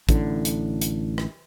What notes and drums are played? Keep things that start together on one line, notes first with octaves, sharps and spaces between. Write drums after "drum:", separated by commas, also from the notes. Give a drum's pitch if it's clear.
A1 A2 D3, drum: kick, hi-hat
drum: hi-hat
drum: hi-hat
drum: rim click